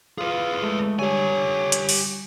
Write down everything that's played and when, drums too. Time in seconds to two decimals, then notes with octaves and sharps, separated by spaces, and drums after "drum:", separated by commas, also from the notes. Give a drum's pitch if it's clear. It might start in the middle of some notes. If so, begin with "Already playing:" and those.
0.18 F4 G#4 B4
0.62 G#3 A3
0.99 D3 G3 G4 C#5 G#5
1.72 drum: hi-hat
1.89 drum: open hi-hat